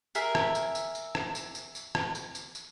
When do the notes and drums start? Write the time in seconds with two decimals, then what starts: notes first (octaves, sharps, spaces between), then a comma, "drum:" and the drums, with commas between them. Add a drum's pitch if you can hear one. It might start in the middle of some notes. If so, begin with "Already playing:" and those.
0.15 G#4 A#4 E5, drum: tambourine
0.35 drum: rim click
0.55 drum: tambourine
0.75 drum: tambourine
0.95 drum: tambourine
1.15 drum: rim click
1.35 drum: tambourine
1.55 drum: tambourine
1.75 drum: tambourine
1.95 drum: rim click
2.15 drum: tambourine
2.35 drum: tambourine
2.55 drum: tambourine